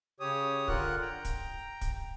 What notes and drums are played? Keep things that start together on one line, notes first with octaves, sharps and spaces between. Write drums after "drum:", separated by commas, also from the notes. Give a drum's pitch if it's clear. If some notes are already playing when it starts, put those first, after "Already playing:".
C#3 G4 C#5 D#6
D3 F4 A#4 F#5 F#6, drum: kick
G5 A#5
drum: kick, hi-hat
drum: kick, hi-hat